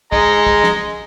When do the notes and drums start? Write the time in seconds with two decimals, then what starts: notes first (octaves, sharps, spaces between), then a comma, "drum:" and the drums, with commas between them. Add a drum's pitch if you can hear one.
0.12 G#3 D#5 A#5, drum: kick
0.47 drum: kick
0.64 drum: snare